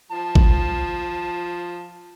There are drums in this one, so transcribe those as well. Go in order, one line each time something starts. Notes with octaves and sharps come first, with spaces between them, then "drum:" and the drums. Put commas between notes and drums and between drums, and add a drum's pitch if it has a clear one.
F3 A5
drum: kick G#1